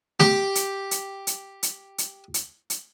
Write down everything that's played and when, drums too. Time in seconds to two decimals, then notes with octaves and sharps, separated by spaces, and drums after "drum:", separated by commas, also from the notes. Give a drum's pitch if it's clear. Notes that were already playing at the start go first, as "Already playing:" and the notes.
0.20 G4 G5, drum: snare A3
0.55 drum: hi-hat
0.91 drum: hi-hat
1.27 drum: hi-hat
1.63 drum: hi-hat
1.98 drum: hi-hat
2.34 drum: hi-hat
2.70 drum: hi-hat